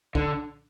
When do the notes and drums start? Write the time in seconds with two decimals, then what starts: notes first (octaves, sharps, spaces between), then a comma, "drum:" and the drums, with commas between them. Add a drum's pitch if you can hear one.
0.15 D3, drum: kick C2